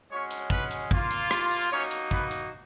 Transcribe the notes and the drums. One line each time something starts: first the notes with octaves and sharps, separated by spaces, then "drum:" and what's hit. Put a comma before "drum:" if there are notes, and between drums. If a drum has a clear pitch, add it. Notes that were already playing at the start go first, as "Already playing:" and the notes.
G#3 C#4 F#4 C#5 C#6
drum: hi-hat
B4 B5, drum: kick
drum: hi-hat
A#3 F4, drum: kick
drum: hi-hat
drum: rim click
drum: open hi-hat
A#3 C#4 D#4 F#4 C#5
drum: hi-hat
B3 B4, drum: kick
drum: hi-hat